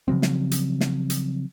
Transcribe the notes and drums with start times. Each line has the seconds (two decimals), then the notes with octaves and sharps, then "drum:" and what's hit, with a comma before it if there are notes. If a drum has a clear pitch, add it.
0.08 C#3 F3 F#3 C4
0.22 drum: snare
0.51 drum: hi-hat
0.81 drum: snare
1.10 drum: hi-hat